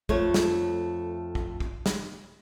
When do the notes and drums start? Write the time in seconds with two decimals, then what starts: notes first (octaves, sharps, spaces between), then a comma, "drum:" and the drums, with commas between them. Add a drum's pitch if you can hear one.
0.09 F2 A3 C#5, drum: kick
0.34 drum: snare
1.35 drum: kick
1.60 drum: kick
1.86 drum: snare